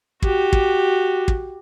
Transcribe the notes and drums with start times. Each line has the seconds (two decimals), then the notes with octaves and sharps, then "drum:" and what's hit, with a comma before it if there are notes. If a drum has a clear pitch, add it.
0.22 F#4 G4, drum: kick
0.53 drum: kick
1.28 drum: kick